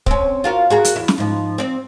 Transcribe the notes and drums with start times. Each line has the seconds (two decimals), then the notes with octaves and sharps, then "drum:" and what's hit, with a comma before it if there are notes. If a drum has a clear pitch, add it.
0.06 C4 C#4, drum: kick
0.44 F4 F#4 A#4
0.70 F#4 G#4 A#4
0.85 drum: hi-hat
0.96 E2 E4
1.08 drum: snare
1.18 G#2 F3
1.58 C4 D5